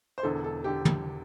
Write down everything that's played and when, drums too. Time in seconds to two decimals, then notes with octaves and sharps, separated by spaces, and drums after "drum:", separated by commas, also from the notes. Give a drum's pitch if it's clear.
0.18 C5
0.23 E1 E2 D3 A4
0.44 A4
0.64 D3 G4
0.85 drum: tom